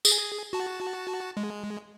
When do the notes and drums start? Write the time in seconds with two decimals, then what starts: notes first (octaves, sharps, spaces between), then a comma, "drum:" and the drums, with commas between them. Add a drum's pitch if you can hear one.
0.05 G#4, drum: tambourine
0.53 F#4 A5
1.37 G#3